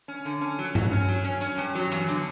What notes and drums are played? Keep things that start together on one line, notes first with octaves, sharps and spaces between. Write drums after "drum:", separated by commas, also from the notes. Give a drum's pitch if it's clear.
C#4
D3
C#4
F#3
F#3, drum: tom G2
C#4
F#3
C#4
C#4, drum: hi-hat
G2
F#3
E2
D3